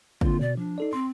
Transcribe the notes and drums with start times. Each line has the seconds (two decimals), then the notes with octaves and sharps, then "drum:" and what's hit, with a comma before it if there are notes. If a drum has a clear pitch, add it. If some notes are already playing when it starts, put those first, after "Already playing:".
0.21 D3 A#3 C4 F4, drum: kick
0.41 B2 D5
0.57 F3 D4
0.78 D#4 A4 D5
0.93 C4 C6